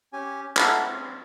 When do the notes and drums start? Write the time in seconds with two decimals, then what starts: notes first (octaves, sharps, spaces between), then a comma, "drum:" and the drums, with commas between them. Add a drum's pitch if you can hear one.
0.13 C#4 G4 G#5
0.57 E4 A4 F#5 A#5 B5, drum: clap
0.85 C4